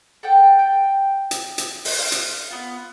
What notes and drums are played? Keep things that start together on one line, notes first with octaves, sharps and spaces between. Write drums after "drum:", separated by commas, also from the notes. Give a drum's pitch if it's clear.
A4 F#5 G5
G5
drum: hi-hat
drum: hi-hat
drum: open hi-hat
F5
drum: hi-hat
B3 F4